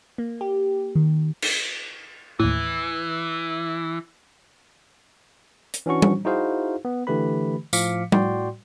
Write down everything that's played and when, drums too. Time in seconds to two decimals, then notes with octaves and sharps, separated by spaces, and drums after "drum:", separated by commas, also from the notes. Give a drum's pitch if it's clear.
0.18 A#3
0.41 G4
0.95 D#3
1.42 drum: cymbal
2.40 D#2 A2 E3
5.74 drum: hi-hat
5.86 E3 C#4 D4 F#4 C#6
6.02 drum: tom G3
6.25 D#4 E4 F#4 G#4 C5 F5
6.85 B3
7.07 D3 E3 A3 G4 B4 B5
7.73 A2 F3 F5 D6 B6 C#7, drum: tambourine
8.12 A2 F#4 D5 G5 C6, drum: tom G3